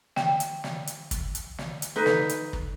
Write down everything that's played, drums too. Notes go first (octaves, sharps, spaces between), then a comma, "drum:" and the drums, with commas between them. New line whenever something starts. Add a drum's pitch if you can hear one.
G5, drum: snare
drum: hi-hat
drum: snare
drum: hi-hat
drum: kick, hi-hat
drum: hi-hat
drum: snare
drum: hi-hat
D#4 A4 B4
drum: snare
drum: hi-hat
drum: kick